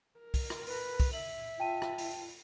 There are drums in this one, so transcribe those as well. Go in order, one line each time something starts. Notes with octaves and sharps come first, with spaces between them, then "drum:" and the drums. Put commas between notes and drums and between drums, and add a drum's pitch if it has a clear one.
A#4
drum: kick, open hi-hat
drum: rim click
B4, drum: open hi-hat
drum: kick, open hi-hat
E5 F#7
F4 G5 A5 D#7
drum: rim click
drum: open hi-hat